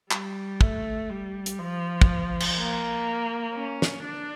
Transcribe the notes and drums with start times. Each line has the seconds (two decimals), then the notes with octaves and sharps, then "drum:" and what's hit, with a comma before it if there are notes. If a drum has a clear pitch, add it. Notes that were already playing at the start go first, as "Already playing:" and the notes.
0.11 G3, drum: clap
0.61 A3, drum: kick
1.10 G3
1.46 drum: hi-hat
1.59 F3
2.01 drum: kick
2.40 drum: cymbal
2.57 A#3
3.55 C#4
3.82 drum: snare
4.04 D4